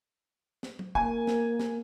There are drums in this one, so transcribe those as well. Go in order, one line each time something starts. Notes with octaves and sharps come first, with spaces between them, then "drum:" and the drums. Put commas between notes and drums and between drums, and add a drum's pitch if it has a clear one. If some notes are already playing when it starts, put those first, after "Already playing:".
drum: snare
drum: tom
A#3 G#5, drum: kick
drum: snare
drum: snare